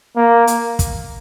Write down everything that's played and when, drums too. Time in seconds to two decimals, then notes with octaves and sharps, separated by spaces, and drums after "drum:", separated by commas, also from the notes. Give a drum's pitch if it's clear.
0.17 A#3
0.47 drum: hi-hat
0.79 drum: kick, hi-hat